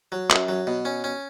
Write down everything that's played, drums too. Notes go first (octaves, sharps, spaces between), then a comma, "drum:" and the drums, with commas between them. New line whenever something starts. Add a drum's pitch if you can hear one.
F#3
F#2, drum: clap
F#3
B2
C#4
C#4